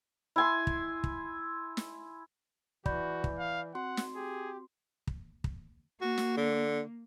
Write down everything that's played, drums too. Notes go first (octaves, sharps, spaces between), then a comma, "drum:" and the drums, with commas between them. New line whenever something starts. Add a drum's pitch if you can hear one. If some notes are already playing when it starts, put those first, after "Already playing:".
E4 G#5 C6
drum: kick
drum: kick
drum: snare
E3 F#4 D5 B5 G6, drum: kick
drum: kick
F5
C4 F#4 F#5 C6
drum: snare
G4 G#4
drum: kick
drum: kick
A#3 F#4
drum: snare
D3